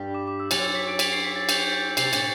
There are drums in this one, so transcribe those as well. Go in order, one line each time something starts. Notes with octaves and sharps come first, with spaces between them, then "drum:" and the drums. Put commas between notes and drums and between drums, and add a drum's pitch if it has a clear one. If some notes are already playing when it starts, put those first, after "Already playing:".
Already playing: G2 G3
D6
D6
E6
F#2 F#3 A6, drum: cymbal
A6
B6
B6 D7
B6 D7, drum: cymbal
C7
B6
A6
G6, drum: cymbal
G6
A6
C3 C7, drum: cymbal
A2 A6, drum: cymbal